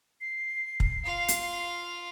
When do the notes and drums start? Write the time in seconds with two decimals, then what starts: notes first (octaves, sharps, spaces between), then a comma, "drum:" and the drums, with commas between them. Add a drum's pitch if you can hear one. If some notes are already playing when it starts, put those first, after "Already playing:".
0.21 C7
0.80 drum: kick
1.04 F4 F5
1.28 drum: hi-hat